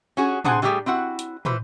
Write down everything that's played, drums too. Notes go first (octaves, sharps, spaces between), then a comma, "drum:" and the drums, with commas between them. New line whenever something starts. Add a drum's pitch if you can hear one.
C#4 F#4 G#4
C3 D4 G#4 C5 F#5 G#5, drum: tom
D3 G3 A3 C4 G4 G#4
C4 E4 F#4 F#5
drum: hi-hat
E3 B4 C5, drum: tom